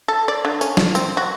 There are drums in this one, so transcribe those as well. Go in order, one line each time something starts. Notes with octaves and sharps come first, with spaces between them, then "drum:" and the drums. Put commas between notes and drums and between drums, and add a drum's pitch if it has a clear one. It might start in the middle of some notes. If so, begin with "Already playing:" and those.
A4
D5
D3
C#4, drum: tambourine
drum: snare
C4, drum: tambourine
F#4